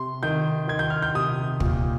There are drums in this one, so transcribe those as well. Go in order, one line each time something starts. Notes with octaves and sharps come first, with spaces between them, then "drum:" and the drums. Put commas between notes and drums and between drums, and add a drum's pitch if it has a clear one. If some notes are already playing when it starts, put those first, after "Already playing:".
Already playing: C3 C6
D#3 G6
D#3 G#6
G6
F6
G6
C3 D#6
A#2, drum: kick